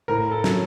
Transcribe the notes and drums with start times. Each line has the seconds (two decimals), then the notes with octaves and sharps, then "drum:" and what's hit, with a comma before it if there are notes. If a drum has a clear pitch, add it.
0.08 A2 A#4
0.31 A4
0.44 F#3, drum: snare